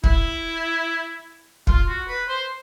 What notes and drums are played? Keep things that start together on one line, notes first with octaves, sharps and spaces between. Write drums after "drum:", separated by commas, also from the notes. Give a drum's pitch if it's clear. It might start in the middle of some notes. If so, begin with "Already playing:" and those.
E4, drum: kick
F4, drum: kick
F#4
B4
C5